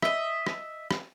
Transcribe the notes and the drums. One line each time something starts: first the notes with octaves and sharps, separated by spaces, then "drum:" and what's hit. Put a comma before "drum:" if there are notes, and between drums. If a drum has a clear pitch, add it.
D#5 E5, drum: rim click
drum: rim click
drum: rim click